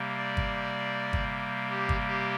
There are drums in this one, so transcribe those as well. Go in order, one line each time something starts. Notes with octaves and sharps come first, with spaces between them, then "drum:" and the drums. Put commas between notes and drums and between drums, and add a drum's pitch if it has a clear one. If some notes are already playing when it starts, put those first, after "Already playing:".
Already playing: C3 G3 A#3
D5
drum: kick
drum: kick
G4
drum: kick
G4